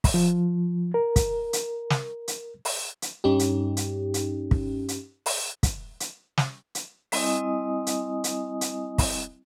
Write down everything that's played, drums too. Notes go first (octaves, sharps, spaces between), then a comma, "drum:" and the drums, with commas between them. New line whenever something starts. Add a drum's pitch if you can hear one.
drum: kick, open hi-hat
F3
A#4
drum: kick, hi-hat
drum: hi-hat
drum: snare
drum: hi-hat
drum: open hi-hat
drum: hi-hat
G2 C#4 D#4 G4
drum: hi-hat
drum: hi-hat
drum: hi-hat
drum: kick
drum: hi-hat
drum: open hi-hat
drum: kick, hi-hat
drum: hi-hat
drum: snare
drum: hi-hat
G3 C4 E4 D#5 G#5 D#6, drum: open hi-hat
drum: hi-hat
drum: hi-hat
drum: hi-hat
drum: kick, open hi-hat